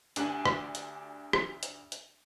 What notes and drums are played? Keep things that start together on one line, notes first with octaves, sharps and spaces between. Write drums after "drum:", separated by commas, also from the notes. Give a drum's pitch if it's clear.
D2 D4 G4 G#5 F#7, drum: hi-hat
drum: rim click
drum: hi-hat
drum: rim click
drum: hi-hat
drum: hi-hat